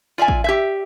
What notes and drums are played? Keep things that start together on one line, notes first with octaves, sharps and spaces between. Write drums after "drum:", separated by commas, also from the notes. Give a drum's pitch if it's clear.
F4 D5 E5 G#5
drum: kick A1
G4 E5